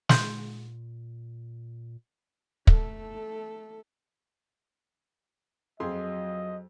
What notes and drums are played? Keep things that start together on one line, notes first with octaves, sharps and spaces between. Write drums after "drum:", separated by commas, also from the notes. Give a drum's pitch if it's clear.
A#2 C6 G6, drum: snare
A3 A4, drum: kick
F2 F#3 G#4 D#5 C6